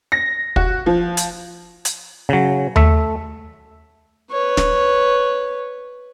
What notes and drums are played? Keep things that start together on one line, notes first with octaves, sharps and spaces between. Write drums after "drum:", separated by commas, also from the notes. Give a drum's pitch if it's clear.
A#6
F#4, drum: kick
F3
drum: hi-hat
drum: hi-hat
C#3 F#3
A3 E5, drum: tom D#2
B4 C#5
drum: snare